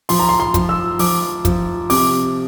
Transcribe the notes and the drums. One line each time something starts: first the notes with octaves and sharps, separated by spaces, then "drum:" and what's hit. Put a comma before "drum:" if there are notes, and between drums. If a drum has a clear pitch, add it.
F3 C6, drum: open hi-hat
A#5
C6
C6
F3, drum: kick, hi-hat
E6
F3 D6, drum: open hi-hat
F3, drum: kick, hi-hat
C3 D6, drum: open hi-hat